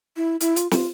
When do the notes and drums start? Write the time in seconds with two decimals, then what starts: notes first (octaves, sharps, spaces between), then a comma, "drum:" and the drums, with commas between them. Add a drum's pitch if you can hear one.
0.17 E4
0.40 E4, drum: hi-hat
0.56 F4, drum: hi-hat
0.71 F4, drum: snare